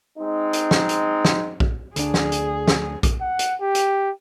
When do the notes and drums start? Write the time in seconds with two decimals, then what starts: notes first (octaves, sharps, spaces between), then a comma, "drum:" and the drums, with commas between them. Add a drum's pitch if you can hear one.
0.18 G#3 C4 D#4
0.53 drum: hi-hat
0.71 drum: snare
0.89 drum: hi-hat
1.25 drum: snare
1.60 drum: kick A#1
1.96 D2 D4 G#4, drum: hi-hat
2.14 drum: snare
2.32 drum: hi-hat
2.68 drum: snare
3.03 drum: kick A#1, hi-hat
3.21 F#5
3.39 drum: hi-hat
3.61 G4
3.75 drum: hi-hat